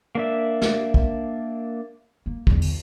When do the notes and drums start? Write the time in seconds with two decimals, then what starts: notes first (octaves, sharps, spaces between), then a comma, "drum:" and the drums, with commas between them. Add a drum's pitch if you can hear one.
0.15 A#3 D4 E5
0.61 drum: snare
0.94 drum: kick
2.26 A#3
2.47 E2 D3, drum: kick
2.61 drum: open hi-hat